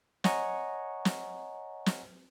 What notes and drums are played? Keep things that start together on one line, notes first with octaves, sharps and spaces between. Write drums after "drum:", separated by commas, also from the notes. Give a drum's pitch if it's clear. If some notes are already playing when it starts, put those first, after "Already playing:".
C#5 D#5 F#5 G#5 A#5 C#6, drum: snare
drum: snare
drum: snare